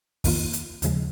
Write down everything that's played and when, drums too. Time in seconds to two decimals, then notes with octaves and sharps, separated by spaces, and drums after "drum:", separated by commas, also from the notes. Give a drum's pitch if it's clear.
0.24 F2 D#3 A#3 F4, drum: kick, open hi-hat
0.53 drum: hi-hat
0.82 D#2 C#3 F3 G#3, drum: hi-hat